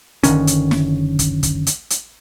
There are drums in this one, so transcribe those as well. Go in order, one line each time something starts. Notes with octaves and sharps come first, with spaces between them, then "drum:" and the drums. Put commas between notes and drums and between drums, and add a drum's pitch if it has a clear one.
F#1 D3 D#3 C#4, drum: hi-hat
drum: hi-hat
drum: snare
drum: kick, hi-hat
drum: kick, hi-hat
drum: hi-hat
drum: hi-hat